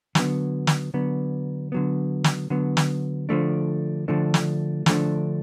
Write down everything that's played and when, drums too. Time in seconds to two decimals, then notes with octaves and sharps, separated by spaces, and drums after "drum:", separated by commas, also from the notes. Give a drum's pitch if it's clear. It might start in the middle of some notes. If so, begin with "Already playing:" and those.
0.15 D3 F#3 B3, drum: snare
0.67 drum: snare
0.94 D3 F#3 B3
1.72 D3 F#3 B3
2.24 drum: snare
2.50 D3 F#3 B3
2.77 drum: snare
3.29 D3 F3 A3 D4
4.08 D3 F3 A3 D4
4.34 drum: snare
4.86 D3 F3 A3 D4, drum: snare